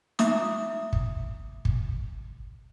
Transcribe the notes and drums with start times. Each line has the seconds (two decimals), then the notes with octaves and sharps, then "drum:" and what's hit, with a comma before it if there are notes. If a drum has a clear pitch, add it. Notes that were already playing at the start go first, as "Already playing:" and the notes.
0.19 E5 A#5 D6 D#6, drum: snare
0.93 drum: kick
1.65 drum: kick